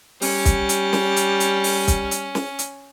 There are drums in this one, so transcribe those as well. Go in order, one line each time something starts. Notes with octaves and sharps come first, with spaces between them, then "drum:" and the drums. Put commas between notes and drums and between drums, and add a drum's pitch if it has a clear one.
G3 C#4, drum: open hi-hat
drum: kick, hi-hat
drum: hi-hat
drum: snare
drum: hi-hat
drum: hi-hat
drum: open hi-hat
drum: kick, hi-hat
drum: hi-hat
drum: snare
drum: hi-hat